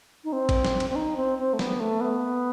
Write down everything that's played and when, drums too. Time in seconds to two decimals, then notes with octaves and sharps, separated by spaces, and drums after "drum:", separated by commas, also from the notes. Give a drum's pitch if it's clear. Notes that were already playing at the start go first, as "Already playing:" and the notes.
0.24 D#4
0.33 C4
0.49 drum: kick, cymbal
0.65 drum: snare
0.80 drum: cymbal
0.90 C4
0.96 D#4
1.17 C4
1.38 C4
1.53 A3
1.59 B3, drum: snare
1.80 A3
2.01 B3